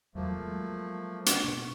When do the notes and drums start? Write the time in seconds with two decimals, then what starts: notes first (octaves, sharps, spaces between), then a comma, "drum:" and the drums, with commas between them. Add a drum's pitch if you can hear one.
0.15 E2 F3 F#3 A3 A#3
0.37 F#3 G#3
1.26 drum: hi-hat
1.44 B2 C#6